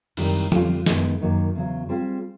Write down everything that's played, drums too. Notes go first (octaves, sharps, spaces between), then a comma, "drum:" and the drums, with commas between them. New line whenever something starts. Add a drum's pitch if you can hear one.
F#2 D#3 G3 C4 E4, drum: cymbal
F2 D3 G3 C4 F4, drum: tom F3
F#2 D#3 G#3 B3, drum: snare
F#2 D#3 F#3 A#3
E2 C#3 F#3
G3 C4 F4 G#4 C5